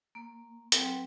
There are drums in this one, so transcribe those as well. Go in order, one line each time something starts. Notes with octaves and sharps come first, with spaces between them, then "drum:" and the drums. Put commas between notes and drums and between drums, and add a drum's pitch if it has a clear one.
A#3
F#3 C4 A4 B4 G5 C6, drum: hi-hat